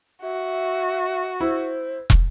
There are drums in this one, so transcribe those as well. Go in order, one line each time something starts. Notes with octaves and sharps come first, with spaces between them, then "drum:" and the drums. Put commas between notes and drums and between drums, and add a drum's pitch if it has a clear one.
F#4 E5
E4 C5
drum: kick